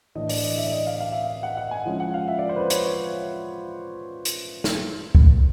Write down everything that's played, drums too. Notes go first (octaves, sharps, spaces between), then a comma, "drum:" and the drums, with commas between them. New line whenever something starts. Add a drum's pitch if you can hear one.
A2 E3 A3 D4 D#5
D5, drum: open hi-hat
D#5
E5
D5
D#5
F5
F5
E5
F5
F#5
F#5
G#5
F3 G#3 C#4 E4
F#5
F5
E5
D5
C5
B4
C5
C#5, drum: hi-hat
C#5
drum: hi-hat
drum: snare
drum: kick C2